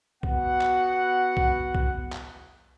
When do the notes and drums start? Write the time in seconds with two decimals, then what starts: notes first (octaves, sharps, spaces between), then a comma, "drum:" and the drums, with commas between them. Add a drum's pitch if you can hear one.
0.23 B3 F#4 F#5, drum: kick
0.61 drum: clap
1.37 drum: kick
1.75 drum: kick
2.12 drum: clap